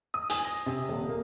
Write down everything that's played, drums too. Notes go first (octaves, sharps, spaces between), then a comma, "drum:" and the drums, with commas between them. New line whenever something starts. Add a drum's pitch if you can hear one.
D#6
G#5, drum: hi-hat
A#6
C3
D#1
A#3